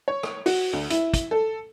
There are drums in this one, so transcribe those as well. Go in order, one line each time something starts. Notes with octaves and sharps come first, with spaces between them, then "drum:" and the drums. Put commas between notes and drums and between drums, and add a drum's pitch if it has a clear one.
C#5
drum: rim click
F#4, drum: open hi-hat
D2
E4, drum: hi-hat
drum: kick, hi-hat
A4